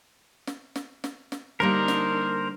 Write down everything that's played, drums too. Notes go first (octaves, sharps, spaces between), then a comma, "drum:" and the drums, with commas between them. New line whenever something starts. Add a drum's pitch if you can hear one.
drum: snare
drum: snare
drum: snare
drum: snare
D3 G3 A#3 D4 D#4 A#4 C5
drum: snare